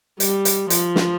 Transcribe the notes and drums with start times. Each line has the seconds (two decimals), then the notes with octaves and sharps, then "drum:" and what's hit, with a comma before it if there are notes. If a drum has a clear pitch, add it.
0.20 G3, drum: hi-hat
0.45 drum: hi-hat
0.70 F3, drum: hi-hat
0.96 drum: snare